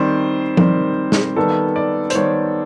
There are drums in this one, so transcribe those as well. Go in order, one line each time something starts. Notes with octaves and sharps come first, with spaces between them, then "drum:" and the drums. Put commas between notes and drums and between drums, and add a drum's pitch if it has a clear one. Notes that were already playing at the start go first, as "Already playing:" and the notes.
Already playing: D#3 G3 C4 C5
D#3 G3 C4, drum: tom F3
drum: snare
D#3 G3 B3 A4
D5
C5, drum: hi-hat
D#3 G3 B3 C#5